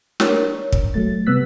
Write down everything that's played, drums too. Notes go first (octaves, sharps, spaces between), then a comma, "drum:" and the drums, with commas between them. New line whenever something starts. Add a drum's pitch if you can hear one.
D4 A#4 C#5, drum: snare
drum: kick
F#3 A3 A6
C3 G3 B3 E6 F#6 B6